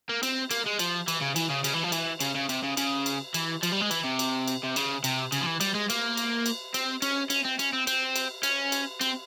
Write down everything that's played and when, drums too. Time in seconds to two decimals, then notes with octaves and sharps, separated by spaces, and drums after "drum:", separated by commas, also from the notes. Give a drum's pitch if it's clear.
0.09 A#3
0.23 C4, drum: cymbal
0.51 A#3, drum: cymbal
0.66 G#3
0.79 F3, drum: cymbal
1.08 E3, drum: cymbal
1.22 C#3
1.36 E3, drum: cymbal
1.50 C#3
1.64 C#3, drum: cymbal
1.74 E3
1.84 F3
1.92 E3, drum: cymbal
2.20 C#3, drum: cymbal
2.35 C#3
2.49 C3, drum: cymbal
2.63 C#3
2.77 C#3, drum: cymbal
3.06 drum: cymbal
3.34 E3, drum: cymbal
3.63 F3, drum: cymbal
3.72 G3
3.82 G#3
3.91 E3, drum: cymbal
4.05 C3
4.19 drum: cymbal
4.48 drum: cymbal
4.63 C3
4.76 C#3, drum: cymbal
5.04 C3, drum: cymbal
5.32 C#3, drum: cymbal
5.41 F3
5.46 E3
5.61 G3, drum: cymbal
5.75 G#3
5.90 A#3, drum: cymbal
6.17 drum: cymbal
6.46 drum: cymbal
6.74 C4, drum: cymbal
7.02 C#4, drum: cymbal
7.30 C#4, drum: cymbal
7.45 C4
7.59 C#4, drum: cymbal
7.73 C4
7.87 C4, drum: cymbal
8.16 drum: cymbal
8.43 C#4, drum: cymbal
8.72 drum: cymbal
9.01 C4, drum: cymbal